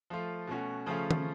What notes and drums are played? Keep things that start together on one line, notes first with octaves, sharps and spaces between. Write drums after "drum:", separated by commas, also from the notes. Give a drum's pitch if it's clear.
F3 A3 F4
B2 A3 C#4 F#4
C#3 F3 A3 C#4 F4
drum: tom D#3